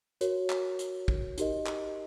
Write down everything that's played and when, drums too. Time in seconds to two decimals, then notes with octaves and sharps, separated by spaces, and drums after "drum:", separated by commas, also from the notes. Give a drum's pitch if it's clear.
0.21 F#4 A#4 C#5, drum: hi-hat
0.50 drum: clap
0.79 drum: hi-hat
1.08 drum: kick
1.37 D#4 G4 A#4 D#5, drum: hi-hat
1.66 drum: clap